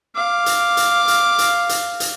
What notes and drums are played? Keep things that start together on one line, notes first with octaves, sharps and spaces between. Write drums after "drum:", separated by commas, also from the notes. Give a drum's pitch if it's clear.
F5 D6
drum: hi-hat
drum: hi-hat
drum: hi-hat
drum: hi-hat
drum: hi-hat
drum: hi-hat